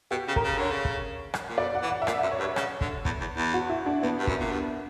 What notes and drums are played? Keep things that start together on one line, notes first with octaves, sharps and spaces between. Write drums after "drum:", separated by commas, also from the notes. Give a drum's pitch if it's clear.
B2 G4
C#3
A#4, drum: kick
C#3
D3 C#5
C#3
drum: kick
drum: rim click
A#2
B2 D5
F#5
E3
F#5
E5
A#2 F#5, drum: rim click
F#2 F#5
C#5
G2
C#5
C#3, drum: rim click
D3, drum: kick
E2, drum: kick
E2
E2
F#4
E4
D4
E2 B3
G2
F#2, drum: kick
A#2
G2